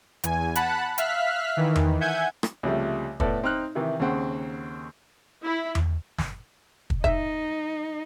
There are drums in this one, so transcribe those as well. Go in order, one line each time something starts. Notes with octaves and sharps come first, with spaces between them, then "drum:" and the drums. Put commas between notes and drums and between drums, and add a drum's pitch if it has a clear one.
E2 G#5, drum: hi-hat
F#5 A5 B5 F#6, drum: hi-hat
E5 F5 F6 F#6 B6, drum: hi-hat
D#3 E3
drum: tom E2
E5 F#5 G#5 G6 G#6
drum: rim click
C#2 C3 F3 G3 A3
A2 B3 A4 D5, drum: kick
C4 D#4 F6 F#6
C3 D#3 E3
D#2 C#3 C4 F#5
E4
drum: tom E2
drum: snare
drum: kick
D#4 E5, drum: kick